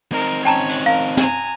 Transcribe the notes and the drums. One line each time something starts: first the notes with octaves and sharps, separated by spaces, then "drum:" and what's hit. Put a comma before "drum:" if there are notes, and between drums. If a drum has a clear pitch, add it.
C4 D#4 A#4
C#4 C#5 G5 A5 A#5
drum: cymbal
A#4 F5
G#5 A#5, drum: snare